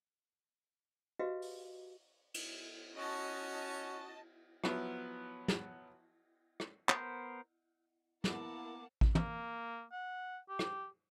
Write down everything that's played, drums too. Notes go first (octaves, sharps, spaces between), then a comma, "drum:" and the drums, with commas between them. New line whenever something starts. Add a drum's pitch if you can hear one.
F#4 G4 B4 D#5 F5
drum: open hi-hat
drum: cymbal
C#4 F#4 D#5 A5
F3 F#3 B3 E4, drum: rim click
drum: snare
drum: rim click
B3 A#4 C5, drum: clap
A#3 B3 E4 F#5 A5 D6, drum: snare
drum: kick A1
A#3, drum: tom
F#5
G4
drum: rim click